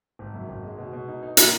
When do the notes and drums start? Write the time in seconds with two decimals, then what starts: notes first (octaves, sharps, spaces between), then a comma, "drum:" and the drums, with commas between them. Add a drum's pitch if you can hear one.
0.19 G#1
0.34 F#2
0.49 G#1
0.63 G#3
0.78 B2
0.93 B2
1.08 D#4
1.23 D#4
1.37 A#2, drum: hi-hat